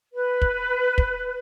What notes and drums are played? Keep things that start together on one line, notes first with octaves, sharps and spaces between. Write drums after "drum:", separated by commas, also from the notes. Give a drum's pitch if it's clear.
B4
drum: kick
drum: kick